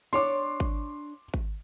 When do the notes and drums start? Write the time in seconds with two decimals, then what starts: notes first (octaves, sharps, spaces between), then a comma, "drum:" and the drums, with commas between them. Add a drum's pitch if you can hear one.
0.13 D4 C#5 C6 D6
0.60 drum: kick G#1
1.34 drum: kick G#1